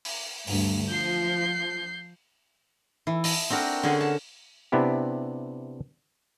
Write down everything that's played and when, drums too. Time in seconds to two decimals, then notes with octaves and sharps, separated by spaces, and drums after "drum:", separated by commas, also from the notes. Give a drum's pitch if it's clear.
0.05 drum: open hi-hat
0.47 D2 G2, drum: open hi-hat
0.88 F3 G6 C7
3.07 E3
3.24 D#5 A5, drum: open hi-hat
3.50 C4 D4 F#4 A#4
3.83 D3 C#4 F#4 G#4
4.01 A5
4.72 C3 B3 D4 E4 G4